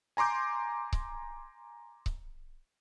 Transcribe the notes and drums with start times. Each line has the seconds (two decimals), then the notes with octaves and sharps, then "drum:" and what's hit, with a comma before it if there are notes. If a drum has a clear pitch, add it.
0.17 G#5 A#5 C6 D6 G6
0.93 drum: kick C#1
2.06 drum: kick C#1